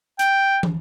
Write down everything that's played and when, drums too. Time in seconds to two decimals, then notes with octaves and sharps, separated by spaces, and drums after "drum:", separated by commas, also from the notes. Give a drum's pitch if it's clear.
0.19 G5, drum: hi-hat
0.63 drum: tom